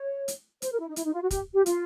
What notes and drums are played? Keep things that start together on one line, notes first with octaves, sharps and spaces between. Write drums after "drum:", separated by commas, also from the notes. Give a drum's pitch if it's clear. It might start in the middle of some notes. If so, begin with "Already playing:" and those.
Already playing: C#5
drum: hi-hat
C5, drum: hi-hat
A#4
E4
D#4
E4, drum: hi-hat
D#4
F4
F#4
G4, drum: kick, hi-hat
G4
F4, drum: hi-hat